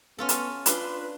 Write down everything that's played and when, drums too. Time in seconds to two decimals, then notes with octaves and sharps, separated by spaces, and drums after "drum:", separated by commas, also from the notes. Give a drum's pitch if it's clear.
0.18 B3 C#4 F4 A4
0.29 drum: hi-hat
0.66 D4 F4 B4 C6, drum: hi-hat